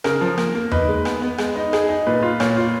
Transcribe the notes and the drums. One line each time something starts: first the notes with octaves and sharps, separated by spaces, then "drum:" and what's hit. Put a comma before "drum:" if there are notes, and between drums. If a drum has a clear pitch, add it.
C#3 A#4, drum: rim click
F3
A#3, drum: rim click
A#3
D#4 B4, drum: tom E2
G#3
B3, drum: rim click
B3
G#3, drum: rim click
D#4
G#4, drum: rim click
D#4
A#2 B4
F4
A#2 C#5, drum: rim click
F4